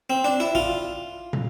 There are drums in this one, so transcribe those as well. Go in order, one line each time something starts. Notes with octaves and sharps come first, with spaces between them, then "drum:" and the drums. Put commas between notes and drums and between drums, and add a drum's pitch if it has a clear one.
C4
D4
E4
F4, drum: kick
drum: tom